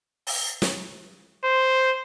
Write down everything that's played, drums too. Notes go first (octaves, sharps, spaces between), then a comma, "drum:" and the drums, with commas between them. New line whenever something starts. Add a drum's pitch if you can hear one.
drum: open hi-hat
drum: snare
C5